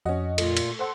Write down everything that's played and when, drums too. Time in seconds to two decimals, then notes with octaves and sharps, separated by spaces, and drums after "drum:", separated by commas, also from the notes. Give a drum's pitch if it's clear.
0.05 F2 C#4 F#4 D#5
0.38 A#2 A3 F4, drum: cymbal
0.57 drum: cymbal
0.79 A4 C5 F#5 C6